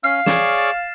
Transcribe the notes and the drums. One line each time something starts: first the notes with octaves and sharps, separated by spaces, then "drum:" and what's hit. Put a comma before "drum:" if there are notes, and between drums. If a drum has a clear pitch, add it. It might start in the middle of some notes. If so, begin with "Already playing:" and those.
C#4 F5 F6 C7
G#4 C#5 D5 E7, drum: snare
A6 E7